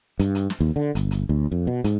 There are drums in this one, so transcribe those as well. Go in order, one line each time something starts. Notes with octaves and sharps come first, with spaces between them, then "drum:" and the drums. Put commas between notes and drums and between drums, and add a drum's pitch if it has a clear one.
G2, drum: hi-hat
drum: hi-hat
drum: snare
D#2
D3
G1, drum: hi-hat
drum: hi-hat
D2
F2
B2
G#2, drum: hi-hat